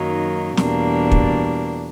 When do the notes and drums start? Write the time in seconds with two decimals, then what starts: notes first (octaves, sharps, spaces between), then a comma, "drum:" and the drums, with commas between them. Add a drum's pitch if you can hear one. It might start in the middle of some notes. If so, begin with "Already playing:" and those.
Already playing: F#2 D#3 F#3 A#3 D#4
0.57 E2 B2 G3 A#3 D4, drum: snare
1.11 drum: kick